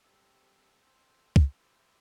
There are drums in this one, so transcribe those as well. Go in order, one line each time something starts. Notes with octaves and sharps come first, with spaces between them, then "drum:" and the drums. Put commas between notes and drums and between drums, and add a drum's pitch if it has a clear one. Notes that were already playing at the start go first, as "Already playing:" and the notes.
G3 C4 A4
C4 A4 C5
drum: kick
E4 G4 C5 E5